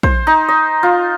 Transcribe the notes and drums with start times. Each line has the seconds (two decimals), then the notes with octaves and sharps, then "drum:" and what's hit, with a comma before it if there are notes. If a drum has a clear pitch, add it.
0.03 C5, drum: kick
0.27 D#4
0.49 D#5
0.83 F4